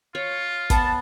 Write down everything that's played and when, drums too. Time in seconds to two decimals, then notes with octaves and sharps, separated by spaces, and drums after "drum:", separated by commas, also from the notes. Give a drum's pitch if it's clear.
0.15 F4 C#5
0.70 B3 F#5 A5, drum: kick, hi-hat